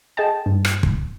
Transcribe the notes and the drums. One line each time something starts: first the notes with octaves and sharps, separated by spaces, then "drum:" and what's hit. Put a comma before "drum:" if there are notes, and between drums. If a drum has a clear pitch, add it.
G#4 D#5 G5 A5
G2
drum: rim click
drum: kick